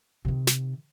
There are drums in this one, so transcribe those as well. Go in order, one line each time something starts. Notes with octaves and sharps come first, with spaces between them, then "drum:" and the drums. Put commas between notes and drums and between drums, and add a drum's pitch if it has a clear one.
C3 D#3
drum: snare